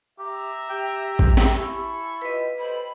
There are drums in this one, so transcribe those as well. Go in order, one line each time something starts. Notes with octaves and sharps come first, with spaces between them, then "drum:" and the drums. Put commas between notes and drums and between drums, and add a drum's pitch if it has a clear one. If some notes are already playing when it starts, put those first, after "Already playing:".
G4 E5 A#5
G4 G5
drum: kick A1
drum: snare
E4 G#5 A5 C#6
F4 G4 B4 D#5
G4 A4 C5 B5